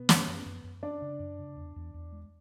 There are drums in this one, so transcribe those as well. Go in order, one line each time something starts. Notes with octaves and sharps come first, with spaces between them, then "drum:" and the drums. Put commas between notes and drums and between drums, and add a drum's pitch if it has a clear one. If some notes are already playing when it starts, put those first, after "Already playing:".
Already playing: B2 B3
F#2, drum: snare
F#2
F#2
F#2
C#4 D4 D5
C#3
F#2
C#3
E2
E2
E2
G#3